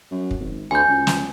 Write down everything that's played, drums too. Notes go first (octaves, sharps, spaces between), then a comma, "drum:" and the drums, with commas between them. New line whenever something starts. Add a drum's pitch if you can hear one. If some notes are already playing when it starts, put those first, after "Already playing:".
F#2
drum: kick
G#1
D2 G#5 G6
C#2
drum: snare